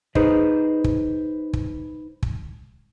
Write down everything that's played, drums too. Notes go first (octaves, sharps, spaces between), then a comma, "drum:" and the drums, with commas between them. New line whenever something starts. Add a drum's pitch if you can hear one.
D#4 G#4 B4 C5 D#5, drum: kick
drum: kick
drum: kick
drum: kick